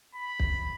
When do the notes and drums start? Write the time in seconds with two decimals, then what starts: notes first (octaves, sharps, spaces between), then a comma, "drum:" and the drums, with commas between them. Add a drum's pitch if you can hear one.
0.15 B5
0.40 drum: kick